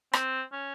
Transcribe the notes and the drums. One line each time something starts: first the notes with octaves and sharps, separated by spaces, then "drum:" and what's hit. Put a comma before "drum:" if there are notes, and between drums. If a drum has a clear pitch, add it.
C4, drum: rim click
C#4